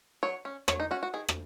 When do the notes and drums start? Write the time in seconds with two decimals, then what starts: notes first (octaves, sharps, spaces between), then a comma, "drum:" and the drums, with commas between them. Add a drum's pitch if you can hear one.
0.23 F#3 C#5
0.45 C#4
0.68 F#3 C#5, drum: rim click
0.80 D#4
0.91 C#4 F#4
1.03 F#4
1.14 D#3 G#4
1.28 drum: rim click